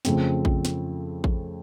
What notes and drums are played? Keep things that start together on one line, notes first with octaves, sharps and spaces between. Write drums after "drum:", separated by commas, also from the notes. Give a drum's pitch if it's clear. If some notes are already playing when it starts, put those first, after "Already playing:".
F2 C#3 A3 C4, drum: snare
drum: kick A1
drum: snare
drum: kick A1